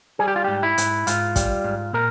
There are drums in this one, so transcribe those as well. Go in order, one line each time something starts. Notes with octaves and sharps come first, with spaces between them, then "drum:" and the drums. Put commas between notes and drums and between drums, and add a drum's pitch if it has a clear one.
G3 G#4
G4
F4
G#2 G4
E4
G#2, drum: hi-hat
G#2 F4, drum: hi-hat
G3, drum: kick, hi-hat
G#2
A#2 A#4